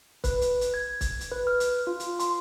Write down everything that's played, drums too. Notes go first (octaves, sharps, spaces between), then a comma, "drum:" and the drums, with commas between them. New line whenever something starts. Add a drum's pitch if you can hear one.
B4, drum: kick, hi-hat
drum: hi-hat
drum: hi-hat
G#6
drum: kick, hi-hat
drum: hi-hat
B4
F6
drum: hi-hat
F4
drum: hi-hat
C6, drum: hi-hat